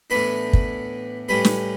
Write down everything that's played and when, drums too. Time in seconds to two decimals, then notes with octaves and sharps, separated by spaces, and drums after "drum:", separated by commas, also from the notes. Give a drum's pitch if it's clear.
0.10 A2 E3 B3 D4 B4 B5
0.53 drum: kick
1.29 A2 G3 C#4 B4 B5
1.45 drum: snare